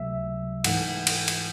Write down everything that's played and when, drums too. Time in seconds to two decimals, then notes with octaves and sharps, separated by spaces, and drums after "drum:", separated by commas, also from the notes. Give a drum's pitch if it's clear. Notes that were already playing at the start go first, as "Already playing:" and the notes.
Already playing: C#2 C3 F#3 A3 E5
0.64 G#2 E3 A3 F#5, drum: cymbal
1.07 drum: cymbal
1.28 drum: cymbal